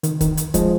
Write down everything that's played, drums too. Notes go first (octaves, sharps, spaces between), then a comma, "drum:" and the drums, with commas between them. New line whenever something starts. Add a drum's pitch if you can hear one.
D#3, drum: hi-hat
D#3, drum: kick C#1, hi-hat
drum: hi-hat
F3 G#3, drum: kick C#1, hi-hat